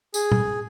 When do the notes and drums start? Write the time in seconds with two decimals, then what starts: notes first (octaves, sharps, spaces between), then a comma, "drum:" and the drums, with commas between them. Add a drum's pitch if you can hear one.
0.14 G#4, drum: tambourine
0.32 drum: tom A#2